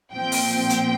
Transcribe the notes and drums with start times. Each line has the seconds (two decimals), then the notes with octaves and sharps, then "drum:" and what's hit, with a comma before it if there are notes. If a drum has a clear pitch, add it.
0.13 A#2 F3 C4 G5
0.32 drum: open hi-hat
0.70 drum: hi-hat